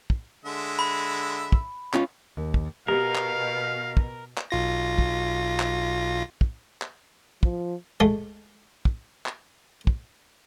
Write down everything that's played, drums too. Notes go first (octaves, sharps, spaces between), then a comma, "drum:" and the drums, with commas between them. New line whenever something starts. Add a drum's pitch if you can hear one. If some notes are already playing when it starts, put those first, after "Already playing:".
drum: kick
D3 G#3 E5
B5
drum: kick
C#4 F4, drum: clap
D#2
drum: kick
B2 G4 A#4 F5
drum: clap
drum: kick
drum: clap
B1 F4 A#6
drum: kick
drum: clap
drum: kick
drum: clap
F3, drum: kick
G#3 A3
drum: kick
drum: clap
drum: kick